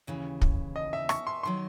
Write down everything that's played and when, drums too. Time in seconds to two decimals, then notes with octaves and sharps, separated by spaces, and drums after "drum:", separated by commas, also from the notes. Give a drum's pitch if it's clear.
0.07 D#2 C#3 E3
0.42 drum: kick
0.76 D#5
0.93 E5
1.09 C#6, drum: rim click
1.27 C6
1.43 D#3 F#3 C6